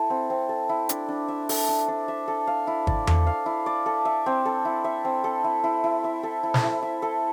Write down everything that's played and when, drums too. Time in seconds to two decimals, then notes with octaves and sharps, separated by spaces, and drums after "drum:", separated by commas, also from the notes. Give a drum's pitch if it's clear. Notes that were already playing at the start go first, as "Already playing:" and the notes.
Already playing: E4 A4
0.10 C4
0.30 C4
0.49 A4
0.69 E4
0.89 D4, drum: hi-hat
1.09 D4
1.28 E5
1.49 A4, drum: open hi-hat
1.69 D4
1.88 D4
2.08 E5
2.28 A4
2.47 F5
2.67 E4
2.87 D5, drum: kick
3.07 A4, drum: tom E2
3.27 F5
3.46 E4
3.66 D5
3.86 A4
4.05 E5
4.26 C4
4.45 A4
4.65 E4
4.84 E5
5.05 C4
5.24 A4
5.44 E4
5.64 E4
5.84 E4
6.04 E5
6.23 A4
6.43 E4
6.54 drum: snare
6.63 E4
6.82 E5
7.02 A4